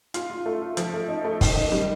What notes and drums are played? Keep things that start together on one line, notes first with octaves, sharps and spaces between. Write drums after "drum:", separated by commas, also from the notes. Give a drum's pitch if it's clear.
F4, drum: hi-hat
F4
A3
F4
F3, drum: hi-hat
A3
D#4
A3
D#3, drum: kick, open hi-hat
D#3
G3